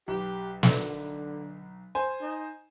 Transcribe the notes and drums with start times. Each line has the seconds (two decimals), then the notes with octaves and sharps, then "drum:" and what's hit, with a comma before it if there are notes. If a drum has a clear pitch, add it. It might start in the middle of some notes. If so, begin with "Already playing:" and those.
0.08 B1 G4
0.63 D3, drum: snare
1.95 C5 G#5
2.22 D#4